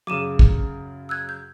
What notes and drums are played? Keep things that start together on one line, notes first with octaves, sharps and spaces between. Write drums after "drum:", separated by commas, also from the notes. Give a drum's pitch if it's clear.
F#2 C#3 D6 D#7 E7
drum: kick
E6 F#6 G#6
G6